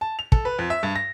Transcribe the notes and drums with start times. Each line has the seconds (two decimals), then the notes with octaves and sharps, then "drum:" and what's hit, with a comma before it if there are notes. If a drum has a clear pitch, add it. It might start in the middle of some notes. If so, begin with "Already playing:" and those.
0.01 A5
0.19 F7
0.32 A4, drum: kick
0.45 B4
0.59 F2
0.70 E5
0.83 G2
0.95 A#6